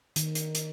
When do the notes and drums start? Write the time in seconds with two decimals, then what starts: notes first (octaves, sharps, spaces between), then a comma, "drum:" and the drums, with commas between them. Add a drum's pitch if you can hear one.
0.16 D#3, drum: hi-hat
0.35 drum: hi-hat
0.55 drum: hi-hat